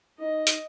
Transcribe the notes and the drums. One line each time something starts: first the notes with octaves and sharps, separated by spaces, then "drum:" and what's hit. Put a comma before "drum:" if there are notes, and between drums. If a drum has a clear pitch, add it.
D#4 D#5
drum: hi-hat